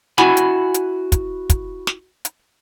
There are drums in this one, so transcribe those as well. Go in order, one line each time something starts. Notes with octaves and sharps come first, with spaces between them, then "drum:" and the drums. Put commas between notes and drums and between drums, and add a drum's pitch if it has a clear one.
E4 F#4 F#5 G#5 B5, drum: snare
drum: hi-hat
drum: hi-hat
drum: kick, hi-hat
drum: kick, hi-hat
drum: snare
drum: hi-hat